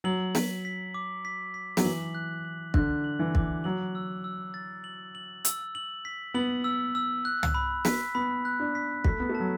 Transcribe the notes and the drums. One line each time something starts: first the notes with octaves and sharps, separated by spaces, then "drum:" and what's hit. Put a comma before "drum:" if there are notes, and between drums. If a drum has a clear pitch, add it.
F#3 F#7
B6, drum: snare
B6
D6
B6
B6
F#3, drum: snare
E3 F#7
F#6
F#7
D3 F#6, drum: kick
F#7
E3
D6, drum: kick
F#3 F#7
E6
E6
A6
F#7
F#7
E6, drum: hi-hat
F#7
B6
B3 F#7
E6
E6
F#6
drum: tom
B5
B6, drum: snare
B3 B5
F#6
D4
B6
A3 B6, drum: kick
B3
A3
A5
F#3